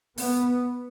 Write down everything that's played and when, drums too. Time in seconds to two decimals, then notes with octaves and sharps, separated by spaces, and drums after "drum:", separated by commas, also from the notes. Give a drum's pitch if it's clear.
0.18 B3, drum: open hi-hat